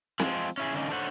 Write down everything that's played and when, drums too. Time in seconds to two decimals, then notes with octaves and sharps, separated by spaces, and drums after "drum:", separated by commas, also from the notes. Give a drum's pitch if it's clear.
0.19 F3 G#3 C4, drum: snare C4
0.58 C#4 E4 G#4
0.74 D3 A#3 B3 C#4 D#4
0.90 D4 A4 C5 C#5 F#5